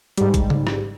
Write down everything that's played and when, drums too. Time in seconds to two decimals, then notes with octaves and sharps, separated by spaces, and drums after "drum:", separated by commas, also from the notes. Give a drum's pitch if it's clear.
0.18 G#2 G3, drum: hi-hat
0.34 drum: kick, hi-hat
0.50 drum: tom C#3
0.67 drum: rim click